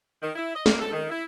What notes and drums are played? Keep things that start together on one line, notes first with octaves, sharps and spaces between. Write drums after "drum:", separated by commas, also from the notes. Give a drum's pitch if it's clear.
D#3
E4
D#5
A#3, drum: snare
A4
D#3
E4